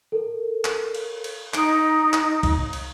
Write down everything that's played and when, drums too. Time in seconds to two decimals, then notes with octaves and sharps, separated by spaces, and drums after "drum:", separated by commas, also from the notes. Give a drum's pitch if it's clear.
0.12 A4 A#4
0.65 drum: clap
0.94 drum: cymbal
1.24 drum: cymbal
1.54 D#4 D#6 D7, drum: clap
2.14 drum: clap
2.43 drum: kick, cymbal
2.73 drum: cymbal